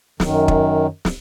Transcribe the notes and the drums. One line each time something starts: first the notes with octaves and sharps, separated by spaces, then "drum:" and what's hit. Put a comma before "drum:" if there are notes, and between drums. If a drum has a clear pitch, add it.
F#2 D#3, drum: snare
drum: kick
drum: snare